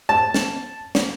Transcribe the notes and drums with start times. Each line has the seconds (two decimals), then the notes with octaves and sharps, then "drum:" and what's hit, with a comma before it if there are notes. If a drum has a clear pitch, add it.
0.09 A5
0.34 drum: snare
0.95 drum: snare